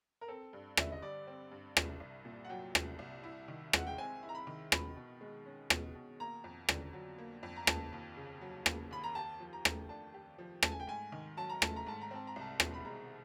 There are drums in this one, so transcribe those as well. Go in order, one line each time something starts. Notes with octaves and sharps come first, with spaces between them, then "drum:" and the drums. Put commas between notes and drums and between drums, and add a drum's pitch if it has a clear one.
A#4
C4 A4
G2
D3 E5, drum: rim click
D#5
G3 D5
C4
G2
C2, drum: rim click
C2
A#2
F#5
F#3 G5
C2, drum: rim click
C2
E4
D#3
G#3 F#5, drum: rim click
G5
C4 G#5
E4
A#5
B5
D#3
B2 B5, drum: rim click
B2
G#3
C#4
B2, drum: rim click
B2
A#3 A#5
F2
D3, drum: rim click
F#3
A#3
F2
A#5
A#3 A5, drum: rim click
D#2
C#3
F#3
A#3, drum: rim click
D#2 B5
A#5
G4 A5
F3
A#5
A3, drum: rim click
D4 A5
G4
F3
A3 A5, drum: rim click
G#5
G5
G#2 G#5
D#3
F#3 A5
A#5
A3 A5, drum: rim click
A#5
G#2 A5
A#5
C4 A5
A#5
C2 A5
B2, drum: rim click
B5
G#3 A#5